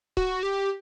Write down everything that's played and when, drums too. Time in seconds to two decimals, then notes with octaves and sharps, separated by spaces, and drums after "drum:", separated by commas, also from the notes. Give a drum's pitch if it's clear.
0.17 F#4, drum: kick C#1
0.43 G4